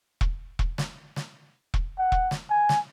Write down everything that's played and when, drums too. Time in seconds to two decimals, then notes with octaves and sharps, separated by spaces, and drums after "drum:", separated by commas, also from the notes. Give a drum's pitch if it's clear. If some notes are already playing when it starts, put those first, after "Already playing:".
0.21 drum: kick E1
0.59 drum: kick E1
0.78 drum: snare
1.16 drum: snare
1.74 drum: kick E1
1.99 F#5
2.12 drum: kick E1
2.31 drum: snare
2.50 G#5
2.69 drum: snare